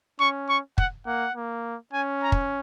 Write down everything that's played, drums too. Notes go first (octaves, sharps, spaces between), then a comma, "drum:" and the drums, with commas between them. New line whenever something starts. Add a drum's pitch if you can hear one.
C#4 C#6
C#6
F#5, drum: kick
A#3 F#5
A#3
C#4 G#5
A#5
drum: kick